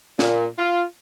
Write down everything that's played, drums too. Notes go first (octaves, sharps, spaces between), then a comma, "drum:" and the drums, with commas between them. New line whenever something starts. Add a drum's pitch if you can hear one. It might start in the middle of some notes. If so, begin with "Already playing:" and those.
A#2, drum: snare
F4